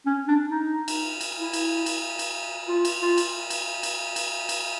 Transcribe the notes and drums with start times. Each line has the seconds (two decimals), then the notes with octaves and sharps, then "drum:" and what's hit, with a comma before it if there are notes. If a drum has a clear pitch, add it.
0.06 C#4
0.28 D4
0.49 D#4
0.88 drum: cymbal
1.21 drum: cymbal
1.37 E4
1.53 drum: cymbal
1.86 drum: cymbal
2.19 drum: cymbal
2.68 F4
2.85 drum: cymbal
3.01 F4
3.18 drum: cymbal
3.50 drum: cymbal
3.83 drum: cymbal
4.16 drum: cymbal
4.49 drum: cymbal